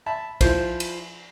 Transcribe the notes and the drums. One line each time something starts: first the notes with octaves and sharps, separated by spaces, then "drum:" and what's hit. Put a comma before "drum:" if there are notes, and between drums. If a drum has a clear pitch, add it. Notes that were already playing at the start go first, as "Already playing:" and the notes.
E5 A5 B5
F3 E4 C5, drum: kick, cymbal
drum: cymbal